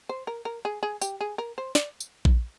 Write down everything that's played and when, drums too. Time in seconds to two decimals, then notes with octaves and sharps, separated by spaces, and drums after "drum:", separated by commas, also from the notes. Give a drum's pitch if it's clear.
0.09 C5
0.27 A#4
0.45 A#4
0.65 G#4
0.83 G#4
1.01 G4, drum: tambourine
1.21 G#4
1.38 A#4
1.58 C5
1.75 D5, drum: snare
2.00 drum: tambourine
2.25 drum: kick A#1